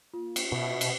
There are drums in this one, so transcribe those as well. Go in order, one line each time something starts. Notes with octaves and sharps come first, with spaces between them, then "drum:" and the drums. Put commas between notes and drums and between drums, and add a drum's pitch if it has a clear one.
A#3 F4
drum: cymbal
B2 E5
drum: cymbal